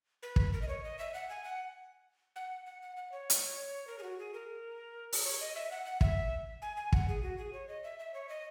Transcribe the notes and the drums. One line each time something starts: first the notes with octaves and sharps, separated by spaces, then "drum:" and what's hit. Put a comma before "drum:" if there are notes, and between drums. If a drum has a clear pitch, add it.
B4
drum: kick
A#4
D#5
C#5
D#5
E5
F#5
G#5
F#5
F#5
F#5
F#5
F#5
C#5
drum: hi-hat
A#4
G#4
F#4
G#4
A#4
drum: open hi-hat
C#5
D#5
E5
F#5
F#5
E5, drum: kick
G#5
G#5
F#5, drum: kick
G#4
F#4
G#4
C#5
D#5
E5
E5
C#5
D#5